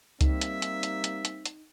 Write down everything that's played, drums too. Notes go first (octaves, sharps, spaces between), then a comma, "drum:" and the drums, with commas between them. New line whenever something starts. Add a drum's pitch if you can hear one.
G3 A#3 C4 D#4 E5, drum: kick C#2, hi-hat
drum: hi-hat
drum: hi-hat
drum: hi-hat
drum: hi-hat
drum: hi-hat
drum: hi-hat